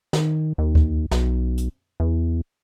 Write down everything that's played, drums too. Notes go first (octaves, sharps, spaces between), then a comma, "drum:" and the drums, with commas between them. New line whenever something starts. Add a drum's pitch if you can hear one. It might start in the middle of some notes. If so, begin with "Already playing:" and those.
D#3, drum: snare
D#2
drum: kick D2
B1, drum: snare
drum: hi-hat
E2